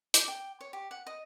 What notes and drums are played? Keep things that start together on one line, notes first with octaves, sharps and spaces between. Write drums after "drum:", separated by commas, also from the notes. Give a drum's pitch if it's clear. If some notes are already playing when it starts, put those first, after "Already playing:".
D6, drum: hi-hat
G5
C#5
G4
F#5
D#5